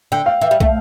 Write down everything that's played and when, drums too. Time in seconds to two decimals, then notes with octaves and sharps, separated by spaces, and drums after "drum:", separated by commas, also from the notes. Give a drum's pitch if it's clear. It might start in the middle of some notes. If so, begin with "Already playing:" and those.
0.12 D3 G5
0.26 F5
0.41 E3 E5
0.51 G3
0.60 A3, drum: kick